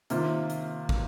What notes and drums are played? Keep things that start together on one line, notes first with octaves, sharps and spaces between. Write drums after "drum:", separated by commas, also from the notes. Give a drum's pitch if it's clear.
C3 D#3 A#3 F4, drum: hi-hat
drum: hi-hat
drum: kick